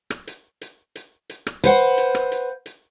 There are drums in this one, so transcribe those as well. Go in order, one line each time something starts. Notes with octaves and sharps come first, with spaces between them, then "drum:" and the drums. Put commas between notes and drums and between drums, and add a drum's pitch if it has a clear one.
drum: rim click
drum: hi-hat
drum: hi-hat
drum: hi-hat
drum: hi-hat
drum: rim click
B4 C5 F#5, drum: hi-hat
drum: hi-hat
drum: rim click
drum: hi-hat
drum: hi-hat